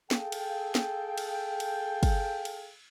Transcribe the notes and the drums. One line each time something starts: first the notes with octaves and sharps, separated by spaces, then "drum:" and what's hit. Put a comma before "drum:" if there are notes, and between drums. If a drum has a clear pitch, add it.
G#4 A4 F5 G5, drum: snare
drum: cymbal
drum: snare
drum: cymbal
drum: cymbal
drum: kick, cymbal
drum: cymbal